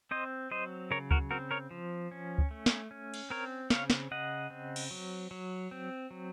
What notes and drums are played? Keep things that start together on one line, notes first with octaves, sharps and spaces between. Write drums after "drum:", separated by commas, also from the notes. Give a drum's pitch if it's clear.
C4 C5 D#5
F#3 C5 D#5
C#3 A#4 C#5
F#4 A#4, drum: kick C#2
C4 F#4 A#4
A#4 C#5
F3
C#4
drum: kick C#2
A3
drum: snare
C#4
drum: cymbal
C4 A#4 C#5
C#3 C#5 F5, drum: snare
drum: snare
C#3 D#5 F#5
C4
drum: cymbal
F#3
F#3
C4
F#3